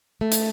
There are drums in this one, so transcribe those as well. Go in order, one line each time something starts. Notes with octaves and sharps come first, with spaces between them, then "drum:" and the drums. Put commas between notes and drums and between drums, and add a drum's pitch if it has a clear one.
A3
drum: hi-hat